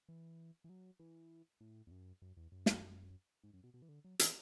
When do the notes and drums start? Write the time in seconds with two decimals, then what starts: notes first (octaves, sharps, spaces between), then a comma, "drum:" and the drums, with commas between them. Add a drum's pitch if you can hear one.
0.08 E3
0.64 E3
0.69 F#3
0.99 E3
1.61 A2
1.87 E2
1.91 F#2
2.22 F#2
2.37 E2
2.52 F#2
2.66 drum: snare
3.43 G#2
3.53 F#2
3.64 B2
3.74 B2
3.82 E3
3.89 D3
4.04 F#3
4.19 E3, drum: hi-hat